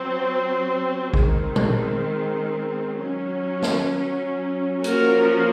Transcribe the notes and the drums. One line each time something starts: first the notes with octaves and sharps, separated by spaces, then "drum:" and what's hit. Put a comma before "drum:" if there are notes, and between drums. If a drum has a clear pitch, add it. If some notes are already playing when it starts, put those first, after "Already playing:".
Already playing: F#3 C4
D#3 G#3 C4, drum: kick G#1
drum: tom A#2
F#3 C#4
drum: snare
F3 A#3 C#4 F#4 A#4, drum: hi-hat